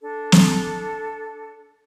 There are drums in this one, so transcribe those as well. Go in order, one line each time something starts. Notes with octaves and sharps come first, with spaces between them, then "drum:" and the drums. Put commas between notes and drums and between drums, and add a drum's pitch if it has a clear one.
D4 A4
drum: snare